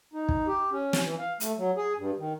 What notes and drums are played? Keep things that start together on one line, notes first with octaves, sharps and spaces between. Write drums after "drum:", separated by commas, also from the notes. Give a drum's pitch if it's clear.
D#4
drum: kick
G4
C#4
drum: snare
E3
F5
A3, drum: hi-hat
F#3
G#4
G2
D#3